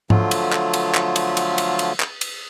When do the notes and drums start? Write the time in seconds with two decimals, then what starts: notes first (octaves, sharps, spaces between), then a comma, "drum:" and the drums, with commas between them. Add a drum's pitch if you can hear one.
0.10 D3 F3 F#3 A3 F4, drum: tom G#2
0.31 drum: cymbal
0.52 drum: clap
0.73 drum: cymbal
0.95 drum: clap
1.16 drum: cymbal
1.37 drum: cymbal
1.58 drum: cymbal
1.79 drum: cymbal
2.00 drum: clap
2.21 drum: cymbal